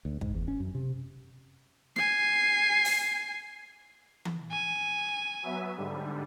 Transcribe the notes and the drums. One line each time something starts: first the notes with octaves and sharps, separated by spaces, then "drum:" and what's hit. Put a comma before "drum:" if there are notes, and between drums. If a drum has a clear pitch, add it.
D2
G#2, drum: kick
E2
C#4
F#2
C3
G#5 C7, drum: snare
drum: open hi-hat
drum: tom E3
G#5
F#3 B3 E5
G#2 D3 G3